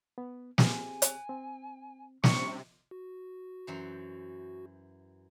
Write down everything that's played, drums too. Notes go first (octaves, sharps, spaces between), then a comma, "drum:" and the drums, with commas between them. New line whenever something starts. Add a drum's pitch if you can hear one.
B3
C4 G4 G#4 G#5, drum: snare
drum: hi-hat
C4
C3 G3 C#4 D4 C#6, drum: snare
F#4
F#2 E3 C5